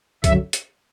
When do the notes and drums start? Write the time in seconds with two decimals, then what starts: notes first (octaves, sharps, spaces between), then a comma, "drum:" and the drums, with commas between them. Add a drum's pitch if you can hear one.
0.24 F#2 D3 F#3 E5, drum: kick C2, hi-hat
0.53 drum: hi-hat